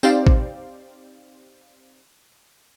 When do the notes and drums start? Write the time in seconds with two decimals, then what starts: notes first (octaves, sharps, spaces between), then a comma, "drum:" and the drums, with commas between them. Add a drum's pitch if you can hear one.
0.03 C4 D#4 G4 C5 D5 F5, drum: tambourine
0.27 drum: kick A1